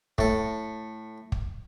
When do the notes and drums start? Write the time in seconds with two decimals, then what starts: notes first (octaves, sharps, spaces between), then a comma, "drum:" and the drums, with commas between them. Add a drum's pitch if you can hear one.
0.18 A2 A4, drum: kick
1.32 drum: kick